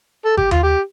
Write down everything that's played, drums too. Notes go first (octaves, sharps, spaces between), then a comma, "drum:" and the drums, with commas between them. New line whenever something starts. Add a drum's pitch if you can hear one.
A4
G4, drum: kick G#1
F4, drum: tom D#2
G4